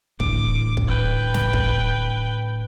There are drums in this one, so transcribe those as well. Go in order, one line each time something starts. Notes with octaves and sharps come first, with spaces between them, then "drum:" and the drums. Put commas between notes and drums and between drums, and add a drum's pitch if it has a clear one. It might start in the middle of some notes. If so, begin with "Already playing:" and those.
A2 D3 E3 D6, drum: kick
drum: kick
B4 G5
drum: snare
drum: kick